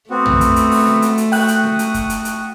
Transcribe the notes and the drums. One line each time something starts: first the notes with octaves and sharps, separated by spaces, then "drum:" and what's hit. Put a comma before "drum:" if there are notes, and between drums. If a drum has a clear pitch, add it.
A3 B3 C4 F#4
drum: tom
drum: hi-hat
drum: hi-hat
drum: open hi-hat
drum: snare C#4
drum: hi-hat
drum: hi-hat
F#4 G5 D#6 F#6, drum: open hi-hat
drum: hi-hat
drum: snare C#4
drum: hi-hat
drum: kick, hi-hat
drum: hi-hat
drum: hi-hat